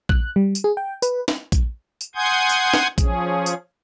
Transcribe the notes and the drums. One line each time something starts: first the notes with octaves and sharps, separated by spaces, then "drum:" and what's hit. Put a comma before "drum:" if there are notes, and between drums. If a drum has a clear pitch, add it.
F#6, drum: kick A#1
G3
drum: tambourine
G#4
G5
B4, drum: tambourine
drum: snare
drum: kick A#1, tambourine
drum: tambourine
F#5 G#5 C6 D#6 G6 G#6
drum: tambourine
drum: snare
F3 C#4 G#4, drum: kick A#1, tambourine
drum: tambourine